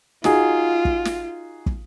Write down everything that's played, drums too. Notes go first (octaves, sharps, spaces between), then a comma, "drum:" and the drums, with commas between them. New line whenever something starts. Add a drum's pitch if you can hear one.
D#4 F4 F#4 G#4, drum: snare
drum: kick
drum: snare
drum: kick